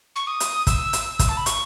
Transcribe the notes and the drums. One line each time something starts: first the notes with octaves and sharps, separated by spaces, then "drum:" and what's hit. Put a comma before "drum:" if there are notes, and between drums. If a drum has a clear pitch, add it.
C#6
D#6
drum: hi-hat
E6, drum: kick, hi-hat
drum: hi-hat
drum: kick, hi-hat
A5
B5
C#6, drum: hi-hat